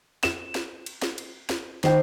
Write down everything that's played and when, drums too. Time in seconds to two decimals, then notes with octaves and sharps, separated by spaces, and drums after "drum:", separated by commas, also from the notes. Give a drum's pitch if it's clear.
0.23 E7, drum: snare
0.55 drum: snare
0.86 drum: cymbal
1.02 drum: snare
1.18 drum: cymbal
1.49 drum: snare
1.84 D#3 C5 G5, drum: snare